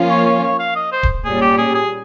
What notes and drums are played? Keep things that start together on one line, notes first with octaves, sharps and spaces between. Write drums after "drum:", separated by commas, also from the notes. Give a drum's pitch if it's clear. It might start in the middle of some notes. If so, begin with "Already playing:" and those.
Already playing: F3 A#3 C#4 F4
C#5
C#5
C#5
F5
D#5
C5
drum: kick D1
A#2 G3 C#4 G#4
G4
G#4
G#4